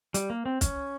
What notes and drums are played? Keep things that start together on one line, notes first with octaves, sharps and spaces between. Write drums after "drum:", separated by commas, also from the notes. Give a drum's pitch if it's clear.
G3, drum: hi-hat
A#3
C4
C#4, drum: kick, hi-hat